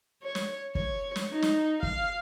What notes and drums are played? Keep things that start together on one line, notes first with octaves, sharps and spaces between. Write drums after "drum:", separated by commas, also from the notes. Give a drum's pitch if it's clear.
C#5
drum: snare
C#5, drum: kick
drum: snare
D#4
drum: snare
F5, drum: kick